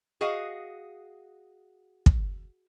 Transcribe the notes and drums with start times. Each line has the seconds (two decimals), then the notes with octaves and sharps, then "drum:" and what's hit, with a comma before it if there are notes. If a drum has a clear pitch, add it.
0.21 F#4 G#4 D#5 F5 F#5
2.06 drum: kick